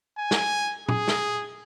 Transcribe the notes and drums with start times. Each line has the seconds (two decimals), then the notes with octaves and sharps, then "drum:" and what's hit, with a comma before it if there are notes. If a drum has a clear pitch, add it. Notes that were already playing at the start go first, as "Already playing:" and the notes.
0.18 G#5
0.31 drum: snare
0.89 G#4, drum: tom
1.08 drum: snare